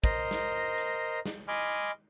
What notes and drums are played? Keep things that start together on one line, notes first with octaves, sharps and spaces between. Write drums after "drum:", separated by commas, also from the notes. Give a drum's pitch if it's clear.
A#4 C5 D#5, drum: kick
drum: snare
drum: hi-hat
drum: snare
D#5 G#5 B5 C6 D6 F6